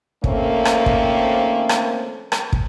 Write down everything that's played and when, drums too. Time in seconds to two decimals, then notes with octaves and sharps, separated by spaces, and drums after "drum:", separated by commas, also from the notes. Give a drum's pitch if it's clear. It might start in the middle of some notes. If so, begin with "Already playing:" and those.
0.24 D#3 F3 A3 A#3 C4 C#4, drum: kick
0.65 drum: rim click
0.86 drum: kick
1.69 drum: rim click
2.32 drum: rim click
2.53 drum: kick